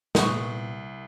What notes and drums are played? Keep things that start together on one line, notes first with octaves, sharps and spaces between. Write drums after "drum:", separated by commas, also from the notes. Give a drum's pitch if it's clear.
C2 A#2 B3 C#6, drum: snare